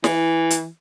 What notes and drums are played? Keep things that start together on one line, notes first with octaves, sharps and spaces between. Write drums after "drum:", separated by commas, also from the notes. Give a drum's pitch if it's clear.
E3, drum: snare
drum: hi-hat